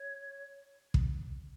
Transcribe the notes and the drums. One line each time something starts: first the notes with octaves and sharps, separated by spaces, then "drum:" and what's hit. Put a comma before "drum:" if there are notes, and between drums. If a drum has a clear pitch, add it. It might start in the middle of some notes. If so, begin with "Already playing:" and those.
Already playing: C#5
drum: kick